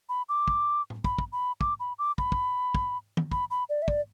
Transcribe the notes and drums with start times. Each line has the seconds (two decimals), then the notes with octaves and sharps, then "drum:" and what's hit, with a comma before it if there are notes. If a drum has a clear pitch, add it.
0.09 B5
0.29 D6
0.48 drum: kick
0.90 drum: tom A2
1.04 B5, drum: kick
1.19 drum: kick
1.32 B5
1.61 D6, drum: kick
1.80 B5
1.99 D6
2.18 B5, drum: kick
2.32 drum: kick
2.75 drum: kick
3.17 drum: tom
3.32 B5, drum: kick
3.51 B5
3.69 D5
3.82 E5
3.88 D5, drum: kick